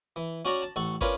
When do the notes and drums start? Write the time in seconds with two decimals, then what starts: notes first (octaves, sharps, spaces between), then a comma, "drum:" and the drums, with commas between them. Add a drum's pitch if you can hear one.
0.16 E3
0.45 C#4 F#4 D5 A#5
0.62 A5
0.76 A1 A4 F#5 C#6
1.01 C#4 D4 F4 A#4 B4 C#5, drum: kick